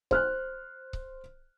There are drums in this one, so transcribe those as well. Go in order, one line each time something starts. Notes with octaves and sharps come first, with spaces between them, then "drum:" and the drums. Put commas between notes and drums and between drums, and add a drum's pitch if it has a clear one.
C5 F6 F#6, drum: kick C#1
drum: kick C#1